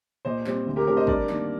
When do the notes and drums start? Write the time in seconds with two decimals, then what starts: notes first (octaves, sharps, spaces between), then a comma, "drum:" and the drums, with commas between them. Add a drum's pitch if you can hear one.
0.25 A#2 C5 D#5
0.45 G3 C4, drum: snare
0.66 D2
0.76 G4 A#4
0.87 D3 A3 C4 G4 A#4
0.97 C5 D#5
1.07 G2 A#4 D5, drum: kick
1.28 D#3 A#3, drum: snare